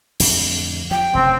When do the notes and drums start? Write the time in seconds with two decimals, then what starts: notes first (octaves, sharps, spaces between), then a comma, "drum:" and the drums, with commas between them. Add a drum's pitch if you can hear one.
0.20 F2 A2 D3, drum: open hi-hat
0.91 F3 G5
1.15 F1 C#3 C4